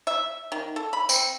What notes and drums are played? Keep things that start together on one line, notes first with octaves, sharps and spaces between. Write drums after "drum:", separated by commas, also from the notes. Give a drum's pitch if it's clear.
E5
D#3
A4
B5
C4, drum: tambourine